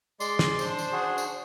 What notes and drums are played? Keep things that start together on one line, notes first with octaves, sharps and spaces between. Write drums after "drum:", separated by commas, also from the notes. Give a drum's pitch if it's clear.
G#3 D5 C6, drum: tambourine
drum: snare
D4 C5, drum: tambourine
drum: tambourine
F#4 G#4
drum: tambourine